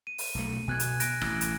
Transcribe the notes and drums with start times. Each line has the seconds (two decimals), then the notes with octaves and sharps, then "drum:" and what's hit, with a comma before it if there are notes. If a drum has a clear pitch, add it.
0.07 D#7
0.18 drum: open hi-hat
0.35 B1 A3
0.68 B2 G#5 F#6 G#6
0.80 drum: hi-hat
1.00 F#6 A#6 D7, drum: hi-hat
1.21 A1, drum: rim click
1.41 drum: hi-hat